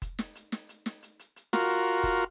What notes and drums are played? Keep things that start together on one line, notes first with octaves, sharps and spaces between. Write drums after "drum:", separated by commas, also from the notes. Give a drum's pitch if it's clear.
drum: kick F1, hi-hat
drum: snare
drum: hi-hat
drum: snare
drum: hi-hat
drum: snare
drum: hi-hat
drum: hi-hat
drum: hi-hat
F4 F#4 A#4, drum: snare
drum: hi-hat
drum: hi-hat
drum: kick F1, hi-hat